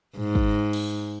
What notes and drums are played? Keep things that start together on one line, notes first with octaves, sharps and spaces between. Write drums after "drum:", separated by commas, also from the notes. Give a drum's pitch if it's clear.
G#2, drum: tom A2
drum: kick
drum: cymbal